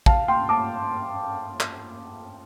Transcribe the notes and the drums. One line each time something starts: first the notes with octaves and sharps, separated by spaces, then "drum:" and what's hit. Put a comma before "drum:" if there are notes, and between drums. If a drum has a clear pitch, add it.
F5 A5, drum: kick
G5 C6
A5 D6
drum: clap